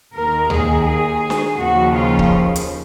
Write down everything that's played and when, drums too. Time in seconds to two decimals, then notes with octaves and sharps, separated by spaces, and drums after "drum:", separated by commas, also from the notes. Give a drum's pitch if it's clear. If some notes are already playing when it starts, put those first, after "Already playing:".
0.14 D#2 D#3 A#4
0.50 G#4, drum: tom D2
0.85 G#4
1.30 drum: snare
1.57 D#2 C#3 F3 F#4
1.92 F4
2.19 drum: kick C#1
2.56 drum: hi-hat